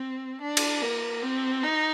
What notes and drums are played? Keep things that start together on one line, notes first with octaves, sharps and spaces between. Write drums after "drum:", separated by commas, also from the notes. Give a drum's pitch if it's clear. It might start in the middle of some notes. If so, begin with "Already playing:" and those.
Already playing: C4
D4
drum: cymbal
A#3
C4
D#4